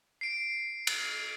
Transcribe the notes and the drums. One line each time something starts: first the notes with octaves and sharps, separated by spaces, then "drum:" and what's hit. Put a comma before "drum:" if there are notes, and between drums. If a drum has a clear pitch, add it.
C7 D7
drum: cymbal